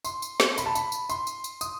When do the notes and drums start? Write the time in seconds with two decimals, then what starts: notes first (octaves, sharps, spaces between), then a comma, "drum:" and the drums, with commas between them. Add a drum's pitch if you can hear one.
0.05 C6, drum: tambourine
0.22 drum: tambourine
0.40 drum: snare
0.58 B5, drum: tambourine
0.66 A5
0.75 B5, drum: tambourine
0.92 drum: tambourine
1.09 C6, drum: tambourine
1.27 drum: tambourine
1.44 drum: tambourine
1.61 D#6, drum: tambourine